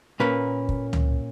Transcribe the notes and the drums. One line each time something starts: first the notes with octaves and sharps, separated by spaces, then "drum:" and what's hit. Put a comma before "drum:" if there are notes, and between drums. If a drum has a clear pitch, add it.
A#2 A#3 C#4 B4
drum: kick
drum: tom C#2